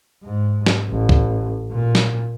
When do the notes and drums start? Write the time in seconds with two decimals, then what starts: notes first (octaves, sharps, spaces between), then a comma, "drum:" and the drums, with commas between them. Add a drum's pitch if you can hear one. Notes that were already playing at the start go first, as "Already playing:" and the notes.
0.24 G#2
0.66 drum: snare
0.90 A1
1.09 drum: kick
1.72 A#2
1.95 drum: snare